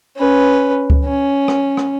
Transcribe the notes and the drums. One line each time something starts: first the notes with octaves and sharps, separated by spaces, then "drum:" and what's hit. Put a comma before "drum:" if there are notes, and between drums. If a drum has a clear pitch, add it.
C#4 B4
drum: kick C#2
C#4
drum: rim click
drum: rim click